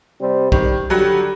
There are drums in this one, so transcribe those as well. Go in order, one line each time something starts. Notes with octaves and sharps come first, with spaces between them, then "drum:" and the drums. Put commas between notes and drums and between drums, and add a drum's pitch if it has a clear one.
C3 G3 C4
D#3 G3, drum: kick B1
D3 F#3 G3 F#4 G4